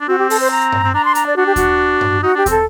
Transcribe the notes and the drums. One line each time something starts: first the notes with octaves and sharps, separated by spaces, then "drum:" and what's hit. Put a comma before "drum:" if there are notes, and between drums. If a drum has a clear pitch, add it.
D4
C4 F#4
G4
A4, drum: open hi-hat
C5
A#5
drum: tom G2
C4
D4 A#5
C6
A#5, drum: hi-hat
D5
D4 F#4
G4
F#4, drum: kick D#2, hi-hat
drum: tom G2
D#4 F#4
D4 G4
C4 A4, drum: kick D#2, hi-hat